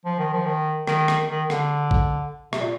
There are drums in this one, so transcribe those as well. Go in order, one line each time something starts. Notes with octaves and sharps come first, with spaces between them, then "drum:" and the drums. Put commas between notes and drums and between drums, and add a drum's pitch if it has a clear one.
F3
D#3
F3
D#3
D#3, drum: rim click
drum: rim click
D#3
D3, drum: rim click
drum: kick
C3, drum: rim click
A#2